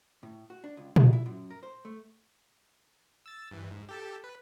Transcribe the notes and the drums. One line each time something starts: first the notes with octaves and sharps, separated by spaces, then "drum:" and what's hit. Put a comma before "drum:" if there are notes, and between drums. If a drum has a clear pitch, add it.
A2
F#4
D4
C#2
G#3, drum: tom A#2
E4
F#2
A#4
C5
A3
E6 A6
G2 E3
G#2
G4 A4 A5
B4